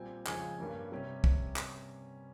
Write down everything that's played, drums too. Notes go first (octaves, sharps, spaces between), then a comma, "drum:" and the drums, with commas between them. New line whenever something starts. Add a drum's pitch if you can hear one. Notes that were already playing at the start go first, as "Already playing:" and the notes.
Already playing: A#2 G3 C4 G#5
F2 C#3 F3 G#3 C4 G#5, drum: clap
G2 G3 A#3 C#4
C3 G3 C#4
drum: kick
drum: clap